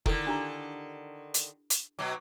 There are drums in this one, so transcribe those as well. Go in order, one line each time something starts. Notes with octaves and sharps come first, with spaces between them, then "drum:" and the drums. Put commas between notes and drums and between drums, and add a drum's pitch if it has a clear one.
D3 D#3 E4 A4 A#4, drum: kick
D4 G4 A#5
drum: hi-hat
drum: hi-hat
B2 F#3 D6